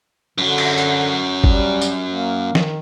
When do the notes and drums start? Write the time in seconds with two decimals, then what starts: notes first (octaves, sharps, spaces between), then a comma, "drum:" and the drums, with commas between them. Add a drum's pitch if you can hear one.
0.38 F#2 D3 F#3
0.58 drum: cymbal
0.78 drum: hi-hat
1.44 G3, drum: kick G1
1.81 drum: tambourine
2.09 A#3
2.55 D#3, drum: snare